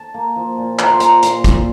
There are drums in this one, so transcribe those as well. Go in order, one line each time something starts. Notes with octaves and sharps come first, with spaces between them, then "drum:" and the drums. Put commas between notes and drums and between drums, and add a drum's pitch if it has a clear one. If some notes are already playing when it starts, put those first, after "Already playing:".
Already playing: A5
A#3
F3
A#2
F3 A#5, drum: clap
C6
A#2 A#5, drum: hi-hat
A#2 C6, drum: hi-hat
A#2, drum: kick, hi-hat